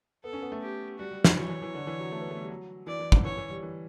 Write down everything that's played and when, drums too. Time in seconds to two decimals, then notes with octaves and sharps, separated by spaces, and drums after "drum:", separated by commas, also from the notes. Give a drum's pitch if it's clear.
0.24 B3 A4
0.33 C#4
0.42 B3
0.52 A3
0.62 G4
0.99 G3 F#4
1.11 G3
1.24 F#3, drum: snare
1.36 E3 C#5
1.49 E3
1.62 E3
1.74 D3
1.87 E3
1.99 F#3
2.12 A3
2.21 B3
2.31 A3
2.41 G3
2.49 F#3
2.87 E3 D5
3.00 E3
3.12 D3, drum: kick
3.24 E3 C#5
3.37 E3
3.50 G3
3.62 E3